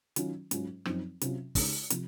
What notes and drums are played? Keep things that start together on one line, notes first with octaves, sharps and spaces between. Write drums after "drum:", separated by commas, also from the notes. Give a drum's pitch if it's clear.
D#3 F#3 C#4 F4, drum: hi-hat
G#2 F#3 C#4 F4, drum: hi-hat
F#2 F3 C4 D#4, drum: rim click
C3 F#3 C#4 F4, drum: hi-hat
C#3 G#3 D#4, drum: kick, open hi-hat
C3 F3, drum: hi-hat